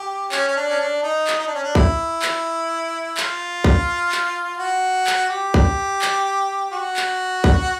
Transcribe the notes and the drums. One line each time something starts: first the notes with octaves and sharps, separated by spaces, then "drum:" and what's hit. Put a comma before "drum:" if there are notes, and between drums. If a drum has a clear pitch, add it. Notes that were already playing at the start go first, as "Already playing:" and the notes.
Already playing: G4
C#4, drum: clap
C#4
D4
C#4
D4
D#4
drum: clap
D#4
D4
C#4
D4
E4, drum: kick
drum: clap
F4, drum: clap
drum: kick
drum: clap
F#4
drum: clap
G4
drum: kick
drum: clap
F#4
drum: clap
drum: kick